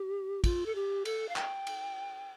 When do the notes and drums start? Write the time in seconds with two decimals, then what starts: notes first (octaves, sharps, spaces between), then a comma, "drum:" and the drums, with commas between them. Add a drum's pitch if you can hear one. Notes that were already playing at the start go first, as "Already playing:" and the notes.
Already playing: G4
0.44 F4, drum: kick, cymbal
0.66 A4
0.75 G4
1.05 A4, drum: cymbal
1.29 F5
1.36 G5, drum: clap
1.67 drum: cymbal